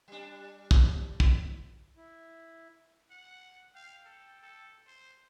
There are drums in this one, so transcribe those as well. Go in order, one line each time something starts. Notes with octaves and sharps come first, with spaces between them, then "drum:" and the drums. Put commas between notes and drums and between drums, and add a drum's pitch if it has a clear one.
G3 D4
drum: kick
drum: kick
E4
F#5
F5 G5
A4
A4
C5